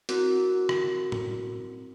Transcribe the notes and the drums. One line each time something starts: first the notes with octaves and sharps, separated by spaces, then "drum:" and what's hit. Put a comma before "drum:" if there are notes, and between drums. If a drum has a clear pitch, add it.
C4 E4 F#4 A#4, drum: hi-hat
drum: rim click
drum: tom A2